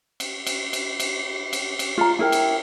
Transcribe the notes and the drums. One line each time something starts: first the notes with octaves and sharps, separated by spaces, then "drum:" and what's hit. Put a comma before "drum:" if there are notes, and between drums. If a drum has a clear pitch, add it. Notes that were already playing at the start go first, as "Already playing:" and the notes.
drum: cymbal
drum: cymbal
drum: cymbal
drum: cymbal
drum: cymbal
drum: cymbal
F4 A#5
E4 A#4 G5
drum: cymbal